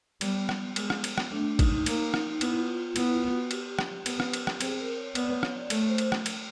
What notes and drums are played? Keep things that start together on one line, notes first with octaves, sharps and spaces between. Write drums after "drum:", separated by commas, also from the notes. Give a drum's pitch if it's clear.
G3 B3, drum: cymbal
drum: rim click
G#3, drum: cymbal
drum: rim click
drum: cymbal
drum: rim click
A3 D4
D#4, drum: kick, cymbal
A#3, drum: cymbal
drum: rim click
B3 E4, drum: cymbal
F4
F4
B3 E4, drum: cymbal
F4
F#4
G4, drum: cymbal
drum: rim click
B3, drum: cymbal
drum: rim click
drum: cymbal
drum: rim click
C4 G#4, drum: cymbal
A#4
C#5
B3 D5, drum: cymbal
C#5
C#5, drum: rim click
D5
A3 C#5, drum: cymbal
C5
drum: cymbal
drum: rim click
drum: cymbal